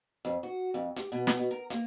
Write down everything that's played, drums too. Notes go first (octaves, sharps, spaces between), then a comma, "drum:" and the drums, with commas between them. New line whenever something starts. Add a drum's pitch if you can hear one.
F2
F#4
F2
G4, drum: hi-hat
B2
drum: snare
B2
A#4
A#3, drum: hi-hat